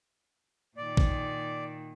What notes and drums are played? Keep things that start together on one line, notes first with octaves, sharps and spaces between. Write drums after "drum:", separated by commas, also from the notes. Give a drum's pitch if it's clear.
A#2 D#3 D5
drum: kick